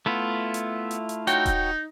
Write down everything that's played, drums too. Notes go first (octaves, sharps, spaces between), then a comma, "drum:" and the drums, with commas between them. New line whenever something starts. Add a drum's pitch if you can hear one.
A3 B3 E4 F4
drum: hi-hat
drum: hi-hat
drum: hi-hat
D#4 F#4 C#5 G5, drum: hi-hat
drum: kick D#1, hi-hat